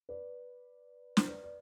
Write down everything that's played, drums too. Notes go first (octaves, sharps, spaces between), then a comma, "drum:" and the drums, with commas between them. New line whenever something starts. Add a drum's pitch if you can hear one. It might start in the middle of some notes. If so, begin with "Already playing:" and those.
B4 D5
C5, drum: snare
B4 D5
D5